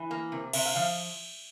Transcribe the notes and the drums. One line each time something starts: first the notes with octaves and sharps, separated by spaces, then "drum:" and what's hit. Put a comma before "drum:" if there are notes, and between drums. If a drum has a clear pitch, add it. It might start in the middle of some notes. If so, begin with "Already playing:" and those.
Already playing: E3
A#3
C3
C3 E5, drum: cymbal
F5
F3 F5